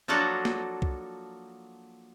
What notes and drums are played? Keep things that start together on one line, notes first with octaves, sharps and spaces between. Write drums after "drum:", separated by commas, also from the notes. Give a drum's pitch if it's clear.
F3 F#3 A#3 D4 F#4 A4
drum: snare
drum: kick C2